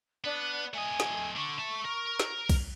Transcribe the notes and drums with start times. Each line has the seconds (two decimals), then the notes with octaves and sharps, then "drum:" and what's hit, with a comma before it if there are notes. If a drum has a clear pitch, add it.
0.24 B3 D4
0.74 A3 D#5 G#5
1.00 drum: snare
1.36 D3 C#6
1.60 E5 A5
1.86 A#4
2.20 drum: snare
2.49 drum: kick B1, cymbal